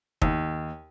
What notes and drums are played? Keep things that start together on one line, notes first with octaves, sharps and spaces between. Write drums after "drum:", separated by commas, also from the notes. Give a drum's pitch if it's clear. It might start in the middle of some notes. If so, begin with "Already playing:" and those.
D#2, drum: kick